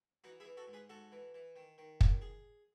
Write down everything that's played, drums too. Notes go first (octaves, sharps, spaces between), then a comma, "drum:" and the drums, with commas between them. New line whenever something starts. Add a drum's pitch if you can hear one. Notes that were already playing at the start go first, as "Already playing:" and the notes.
E3 D#4 F#4
E4 G#4
E3
F#4 A4
G#2
G#4 B4
G#2 F#4 A4
E3
E3
D#3
D#3
F#2, drum: kick
G#4